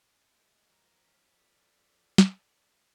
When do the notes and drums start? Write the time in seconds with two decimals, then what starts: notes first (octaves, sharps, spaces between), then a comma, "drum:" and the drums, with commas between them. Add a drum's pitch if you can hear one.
0.36 G#3
0.69 F3 A#4
1.05 C#4 F6 B6
1.37 A4 D5
2.18 drum: snare